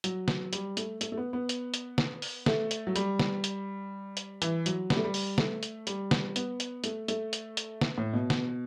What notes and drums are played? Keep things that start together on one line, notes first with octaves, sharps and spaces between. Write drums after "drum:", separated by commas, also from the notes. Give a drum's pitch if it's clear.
F#3, drum: hi-hat
drum: snare
G3, drum: hi-hat
A3, drum: hi-hat
A3, drum: hi-hat
A3
B3
B3
drum: hi-hat
drum: hi-hat
drum: snare
drum: open hi-hat
A3, drum: snare
drum: hi-hat
F#3
G3, drum: hi-hat
drum: snare
drum: hi-hat
drum: hi-hat
E3, drum: hi-hat
F#3, drum: hi-hat
G3, drum: snare
A3
G3
drum: open hi-hat
A3, drum: snare
drum: hi-hat
G3, drum: hi-hat
drum: snare
B3, drum: hi-hat
drum: hi-hat
A3, drum: hi-hat
A3, drum: hi-hat
drum: hi-hat
drum: hi-hat
drum: snare
A2
B2
drum: snare